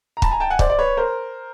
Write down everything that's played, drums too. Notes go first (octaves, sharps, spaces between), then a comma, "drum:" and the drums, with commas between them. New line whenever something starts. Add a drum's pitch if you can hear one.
A#5
A5 B5, drum: kick
G#5 A#5
G5 A5
F#5 G#5
C5 D5, drum: kick
D5
B4 C#5
A#4 C5